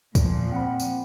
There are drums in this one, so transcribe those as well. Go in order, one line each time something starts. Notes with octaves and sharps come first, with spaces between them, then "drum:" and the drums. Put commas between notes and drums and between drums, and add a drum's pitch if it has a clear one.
A#2 F3, drum: kick, tambourine
C4 F#5 B5
drum: tambourine